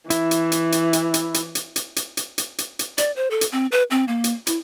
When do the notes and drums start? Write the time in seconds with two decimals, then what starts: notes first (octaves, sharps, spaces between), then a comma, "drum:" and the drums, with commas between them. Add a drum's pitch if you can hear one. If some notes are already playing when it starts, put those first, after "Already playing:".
0.10 E3 E4, drum: hi-hat
0.31 drum: hi-hat
0.52 drum: hi-hat
0.72 drum: hi-hat
0.93 drum: hi-hat
1.14 drum: hi-hat
1.34 drum: hi-hat
1.55 drum: hi-hat
1.76 drum: hi-hat
1.96 drum: hi-hat
2.17 drum: hi-hat
2.38 drum: hi-hat
2.58 drum: hi-hat
2.79 drum: hi-hat
2.98 D5, drum: hi-hat
3.16 C5
3.31 A4
3.41 drum: hi-hat
3.52 C4
3.72 B4
3.91 C4
4.08 A#3
4.24 drum: hi-hat
4.47 E4, drum: hi-hat